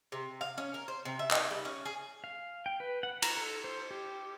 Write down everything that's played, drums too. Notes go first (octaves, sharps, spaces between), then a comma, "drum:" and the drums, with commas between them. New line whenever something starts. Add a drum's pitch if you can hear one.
C3
F5
C#4
A#4
C5
C3
E5
D#4, drum: clap
G3
C#4
G#4
F5
G5
B4
F#5
A#5, drum: cymbal
A4
C5
G4